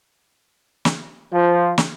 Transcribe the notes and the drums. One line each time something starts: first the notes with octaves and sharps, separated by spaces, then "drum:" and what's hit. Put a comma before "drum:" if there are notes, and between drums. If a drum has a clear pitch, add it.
drum: snare
F3
drum: snare